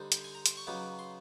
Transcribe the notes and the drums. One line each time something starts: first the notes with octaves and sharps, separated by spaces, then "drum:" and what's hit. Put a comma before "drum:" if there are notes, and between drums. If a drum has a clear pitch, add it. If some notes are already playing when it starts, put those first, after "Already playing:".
Already playing: D3 G3 C4 D#4
drum: hi-hat
G#5
A#5
C6, drum: hi-hat
C#6
C#3 F#3 B3 D#4 D6
C6